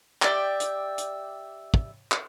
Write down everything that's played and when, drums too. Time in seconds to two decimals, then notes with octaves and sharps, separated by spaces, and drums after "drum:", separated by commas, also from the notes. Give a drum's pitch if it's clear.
0.22 G4 D5 E5 G5, drum: clap
0.60 drum: hi-hat
0.98 drum: hi-hat
1.74 drum: kick
2.12 drum: clap